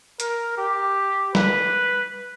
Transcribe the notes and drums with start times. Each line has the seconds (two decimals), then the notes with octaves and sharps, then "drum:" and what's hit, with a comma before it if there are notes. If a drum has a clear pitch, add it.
0.20 A#4, drum: hi-hat
0.58 G4
1.35 B4, drum: snare G3